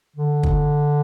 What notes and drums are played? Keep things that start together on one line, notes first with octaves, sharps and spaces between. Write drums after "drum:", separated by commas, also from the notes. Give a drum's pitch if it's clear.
D3
drum: kick